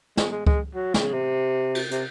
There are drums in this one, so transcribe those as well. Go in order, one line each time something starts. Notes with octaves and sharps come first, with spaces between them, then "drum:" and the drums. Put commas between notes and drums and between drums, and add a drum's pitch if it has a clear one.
G#3, drum: snare
G#3
G#3, drum: kick C#2
F#3
C#3, drum: snare
C3
drum: cymbal
C3, drum: hi-hat